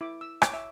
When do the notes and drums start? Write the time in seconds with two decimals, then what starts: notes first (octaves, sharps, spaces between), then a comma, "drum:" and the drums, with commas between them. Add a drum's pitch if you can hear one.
0.01 E4 D6
0.21 E6
0.42 C#5 D6, drum: rim click
0.54 E5